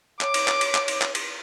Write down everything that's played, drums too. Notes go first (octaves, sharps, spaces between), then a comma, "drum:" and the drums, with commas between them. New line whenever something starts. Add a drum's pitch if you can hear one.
C#5 D6, drum: clap
drum: cymbal
drum: clap
drum: cymbal
drum: clap
drum: cymbal
drum: clap
drum: cymbal